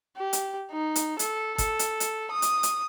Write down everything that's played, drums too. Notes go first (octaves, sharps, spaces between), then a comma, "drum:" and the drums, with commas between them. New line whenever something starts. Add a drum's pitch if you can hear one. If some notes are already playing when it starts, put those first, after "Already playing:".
G4
drum: hi-hat
D#4
drum: hi-hat
A4, drum: hi-hat
A4, drum: kick G1, hi-hat
drum: hi-hat
drum: hi-hat
D#6
drum: hi-hat
drum: hi-hat